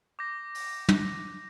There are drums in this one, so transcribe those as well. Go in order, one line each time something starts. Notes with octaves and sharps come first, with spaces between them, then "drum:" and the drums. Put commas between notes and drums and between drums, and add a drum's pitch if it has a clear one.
D6 G6 A#6
drum: open hi-hat
drum: tom